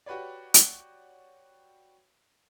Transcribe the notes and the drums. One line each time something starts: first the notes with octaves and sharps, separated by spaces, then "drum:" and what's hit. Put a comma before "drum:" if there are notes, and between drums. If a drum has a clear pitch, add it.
F#4 G4 B4 C#5 D5
drum: hi-hat